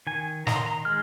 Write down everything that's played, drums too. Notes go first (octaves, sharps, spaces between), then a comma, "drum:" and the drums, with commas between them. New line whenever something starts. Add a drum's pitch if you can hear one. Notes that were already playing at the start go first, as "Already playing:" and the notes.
D#3 G#5
D#3 A#5, drum: snare
C6
A#5
G#3 F6